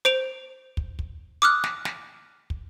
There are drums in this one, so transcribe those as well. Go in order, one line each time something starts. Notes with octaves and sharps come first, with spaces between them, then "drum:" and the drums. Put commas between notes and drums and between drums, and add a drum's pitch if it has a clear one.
C5 D7 F7
drum: kick
drum: kick
D6 D#6 F6 F#6
drum: snare
drum: snare
drum: kick